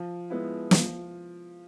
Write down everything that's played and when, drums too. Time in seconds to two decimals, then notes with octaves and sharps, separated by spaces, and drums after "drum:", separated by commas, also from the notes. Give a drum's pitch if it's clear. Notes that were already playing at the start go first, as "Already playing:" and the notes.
Already playing: F3
0.30 G#3 B3 E4
0.71 F3, drum: snare